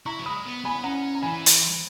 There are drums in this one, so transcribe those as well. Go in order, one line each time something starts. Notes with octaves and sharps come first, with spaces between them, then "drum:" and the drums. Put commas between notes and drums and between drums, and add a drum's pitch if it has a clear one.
E4 A#5 C#6
F#3
G#3 B5 D#6
B3
B3 G#5 B5
C#4 F#5 A#5
A#5
E3 G#5 B5
drum: hi-hat